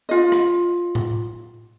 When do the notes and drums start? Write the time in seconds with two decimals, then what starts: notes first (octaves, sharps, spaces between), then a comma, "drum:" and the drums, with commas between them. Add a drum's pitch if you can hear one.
0.09 F4 D#5
0.32 drum: rim click
0.95 drum: tom A2